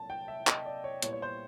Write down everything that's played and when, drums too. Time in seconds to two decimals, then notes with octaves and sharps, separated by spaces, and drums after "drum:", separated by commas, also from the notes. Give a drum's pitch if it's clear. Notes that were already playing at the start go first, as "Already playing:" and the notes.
Already playing: C2 A#2 F#3 A5
0.10 G5
0.28 E5
0.47 D#5, drum: clap
0.65 D5
0.84 C#5
1.02 A#2 G3 B3 E4 C#5, drum: hi-hat
1.13 C#5
1.22 C5